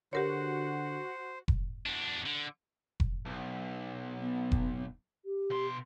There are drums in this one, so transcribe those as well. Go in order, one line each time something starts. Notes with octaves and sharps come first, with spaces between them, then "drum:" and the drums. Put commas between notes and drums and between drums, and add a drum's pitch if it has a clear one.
D3 F#4 G4 A#4 C5 C#5 F#5
drum: kick F1
E2 D4
D3
drum: kick F1
B1
B3
drum: kick F1
G4
B2 C6